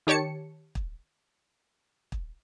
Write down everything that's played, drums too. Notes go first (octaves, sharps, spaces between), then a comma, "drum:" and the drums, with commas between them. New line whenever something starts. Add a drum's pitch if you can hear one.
D#3 G4 C#5 A5 C#7
drum: kick
drum: kick